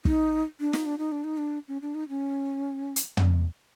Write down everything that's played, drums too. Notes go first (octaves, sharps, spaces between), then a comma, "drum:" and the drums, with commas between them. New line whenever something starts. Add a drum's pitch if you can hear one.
D#4, drum: kick
D4
D#4, drum: snare
D4
D#4
D4
D#4
D4
C#4
D4
D#4
C#4
drum: hi-hat
drum: tom